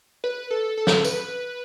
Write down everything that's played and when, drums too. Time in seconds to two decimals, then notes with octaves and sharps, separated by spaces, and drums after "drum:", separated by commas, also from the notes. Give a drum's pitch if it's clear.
0.24 B4
0.51 A4
0.77 A4
0.87 drum: snare
1.04 B4, drum: tambourine